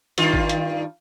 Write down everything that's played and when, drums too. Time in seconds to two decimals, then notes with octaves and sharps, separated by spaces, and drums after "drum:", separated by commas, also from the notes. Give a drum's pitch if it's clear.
0.18 G2 D#3 F4, drum: hi-hat
0.34 drum: kick G#1
0.49 drum: hi-hat